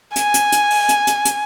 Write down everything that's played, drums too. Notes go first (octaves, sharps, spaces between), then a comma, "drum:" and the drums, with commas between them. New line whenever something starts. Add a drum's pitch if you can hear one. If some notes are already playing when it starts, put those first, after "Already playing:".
G#5, drum: hi-hat
drum: hi-hat
drum: hi-hat
drum: open hi-hat
drum: hi-hat
drum: hi-hat
drum: hi-hat